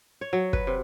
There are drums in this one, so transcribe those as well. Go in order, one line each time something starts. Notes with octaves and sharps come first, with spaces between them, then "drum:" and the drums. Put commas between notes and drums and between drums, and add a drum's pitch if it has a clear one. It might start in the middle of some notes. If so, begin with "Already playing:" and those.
C#5
F#3
B4, drum: kick
C3